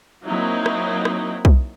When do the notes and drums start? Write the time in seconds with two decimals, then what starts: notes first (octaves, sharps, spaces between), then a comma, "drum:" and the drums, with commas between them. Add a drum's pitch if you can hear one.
0.26 F#3 A#3 C4 D#4 E4
0.66 drum: rim click
1.05 drum: rim click
1.45 drum: kick B1